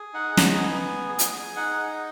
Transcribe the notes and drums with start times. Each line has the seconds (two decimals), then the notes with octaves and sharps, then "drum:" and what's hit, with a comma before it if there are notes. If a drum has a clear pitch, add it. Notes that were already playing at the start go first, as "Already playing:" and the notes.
Already playing: G#4
0.14 D#4 F#5
0.37 G#5, drum: snare
0.61 B3
1.09 G#4
1.19 drum: hi-hat
1.56 D#4 F#5